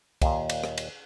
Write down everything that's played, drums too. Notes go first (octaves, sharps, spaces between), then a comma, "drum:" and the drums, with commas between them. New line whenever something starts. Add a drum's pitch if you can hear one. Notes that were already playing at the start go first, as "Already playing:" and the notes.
D#2 A#2, drum: kick C2, cymbal
drum: cymbal
drum: rim click
drum: cymbal